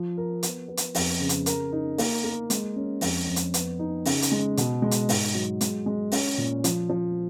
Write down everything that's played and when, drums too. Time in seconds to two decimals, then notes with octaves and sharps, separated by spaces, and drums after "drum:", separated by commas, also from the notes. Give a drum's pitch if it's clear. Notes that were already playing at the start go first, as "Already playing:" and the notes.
Already playing: F3
0.17 A#4
0.43 B3, drum: hi-hat
0.68 B3
0.77 drum: hi-hat
0.95 F2, drum: open hi-hat
1.20 C#3
1.29 drum: hi-hat
1.46 A#4, drum: hi-hat
1.72 D#4
1.98 A#3, drum: open hi-hat
2.24 A#3
2.50 G#3, drum: hi-hat
2.76 C#4
3.01 F2, drum: open hi-hat
3.27 F2
3.36 drum: hi-hat
3.54 B3, drum: hi-hat
3.79 D#4
4.05 C#3, drum: open hi-hat
4.22 drum: hi-hat
4.32 G#3
4.57 B2, drum: hi-hat
4.82 G#3
4.91 drum: hi-hat
5.09 G#2, drum: open hi-hat
5.34 F#3
5.61 G#3, drum: hi-hat
5.86 G#3
6.12 C#4, drum: open hi-hat
6.38 A#2
6.64 F3, drum: hi-hat
6.89 F3